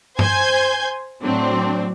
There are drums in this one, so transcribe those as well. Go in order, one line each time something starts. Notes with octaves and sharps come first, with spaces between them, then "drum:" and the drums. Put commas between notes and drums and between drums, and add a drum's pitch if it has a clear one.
C5 G#5 G6 G#6, drum: tom G2
A2 F#3 C4 D4